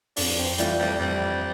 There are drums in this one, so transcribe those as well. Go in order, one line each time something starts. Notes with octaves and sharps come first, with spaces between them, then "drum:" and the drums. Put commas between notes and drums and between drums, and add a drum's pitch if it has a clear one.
F2 D4, drum: open hi-hat
C4
E3 G3 A3 D4 F4, drum: hi-hat
G3
F2 G3